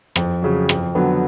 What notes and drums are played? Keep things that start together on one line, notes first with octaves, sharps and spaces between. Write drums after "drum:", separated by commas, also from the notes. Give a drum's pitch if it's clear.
F2, drum: rim click
C#3 F#3
F2, drum: rim click
D3 F#3 B3